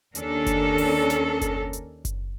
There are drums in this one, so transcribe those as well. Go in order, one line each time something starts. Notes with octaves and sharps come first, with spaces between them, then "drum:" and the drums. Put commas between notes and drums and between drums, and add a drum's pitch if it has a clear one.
D#2 C#4 D4 A4 A#4, drum: hi-hat
drum: kick F#1, hi-hat
drum: open hi-hat
drum: snare
drum: kick F#1, hi-hat
drum: hi-hat
drum: kick F#1, hi-hat